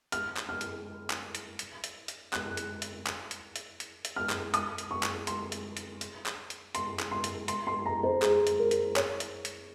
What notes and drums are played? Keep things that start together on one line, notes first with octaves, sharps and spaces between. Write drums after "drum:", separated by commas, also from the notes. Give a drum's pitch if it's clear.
F6, drum: hi-hat
drum: clap
F6
drum: hi-hat
drum: clap
drum: hi-hat
drum: hi-hat
drum: hi-hat
drum: hi-hat
F#6, drum: clap
drum: hi-hat
drum: hi-hat
drum: clap
drum: hi-hat
drum: hi-hat
drum: hi-hat
drum: hi-hat
F6
drum: clap
D#6, drum: hi-hat
drum: hi-hat
C#6
drum: clap
C6, drum: hi-hat
drum: hi-hat
drum: hi-hat
drum: hi-hat
drum: clap
drum: hi-hat
C6, drum: hi-hat
drum: clap
C6
drum: hi-hat
C6, drum: hi-hat
C6
A#5
C5
G#4, drum: clap
drum: hi-hat
A#4
drum: hi-hat
C#5, drum: clap
drum: hi-hat
drum: hi-hat